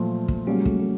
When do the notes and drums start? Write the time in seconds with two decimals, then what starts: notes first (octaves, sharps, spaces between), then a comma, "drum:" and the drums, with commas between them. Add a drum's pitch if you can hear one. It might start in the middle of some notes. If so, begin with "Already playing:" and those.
Already playing: A#2 F3 F#3 A3
0.28 drum: kick
0.47 C#3 F#3 G3 A#3 C#4
0.57 G#3
0.65 A3, drum: kick
0.80 A3